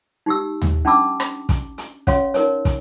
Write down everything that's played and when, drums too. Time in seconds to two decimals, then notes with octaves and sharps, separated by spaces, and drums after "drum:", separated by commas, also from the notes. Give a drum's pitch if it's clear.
0.26 D#4 G4 E6
0.62 drum: tom D#2
0.85 C#4 D4 A5 B5 D6 E6
1.20 drum: rim click
1.49 drum: kick, hi-hat
1.78 drum: hi-hat
2.07 C#4 C#5 F5 C6, drum: kick, hi-hat
2.34 D#4 A#4 C#5, drum: hi-hat
2.65 drum: kick, hi-hat